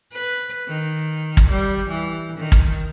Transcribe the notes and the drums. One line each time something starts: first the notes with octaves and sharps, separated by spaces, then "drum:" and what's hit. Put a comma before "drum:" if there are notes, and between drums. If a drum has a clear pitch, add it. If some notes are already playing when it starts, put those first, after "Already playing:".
B4
D#3
drum: kick
G3
E3
D#3
drum: kick